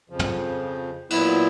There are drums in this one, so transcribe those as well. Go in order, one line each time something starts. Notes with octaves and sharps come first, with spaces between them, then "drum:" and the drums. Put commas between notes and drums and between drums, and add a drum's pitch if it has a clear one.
F2 C#3 F3
drum: tom
A#2 F#3 B3 E4, drum: cymbal